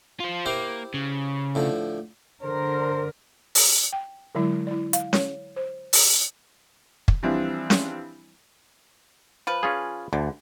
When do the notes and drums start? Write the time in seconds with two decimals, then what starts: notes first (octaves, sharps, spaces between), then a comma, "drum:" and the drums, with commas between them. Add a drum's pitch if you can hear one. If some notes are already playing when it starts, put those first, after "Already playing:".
0.20 F4 C5
0.46 A#3 E4 G4 C5
0.94 C#3
1.55 A2 D3 F3
2.43 D3 A#4 C5
3.55 drum: open hi-hat
3.92 G5
4.35 D3 F#3 G#3 E4
4.67 E4 D5
4.93 F5, drum: hi-hat
5.13 C#5, drum: snare C#4
5.56 C5
5.93 drum: open hi-hat
7.08 drum: kick
7.23 E3 F3 G3 C4 D4 E4
7.70 drum: snare C#4
9.47 F3 B4
9.63 C#4 F4 G#4
10.13 D2 D3